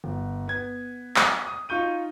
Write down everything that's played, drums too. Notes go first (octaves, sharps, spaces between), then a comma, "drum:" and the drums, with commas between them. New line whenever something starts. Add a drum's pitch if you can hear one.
G1
B3 G#6
drum: clap
D#6
D#4 F4 C#6 G6 D#7